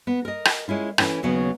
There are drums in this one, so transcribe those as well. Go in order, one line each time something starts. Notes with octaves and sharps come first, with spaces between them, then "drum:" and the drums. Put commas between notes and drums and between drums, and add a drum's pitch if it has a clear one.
B3
A#4 D#5
drum: rim click
G#3 C#4 E4 F4
E3 A3 C#4 E4, drum: rim click
D#2 C#3 F#3 B3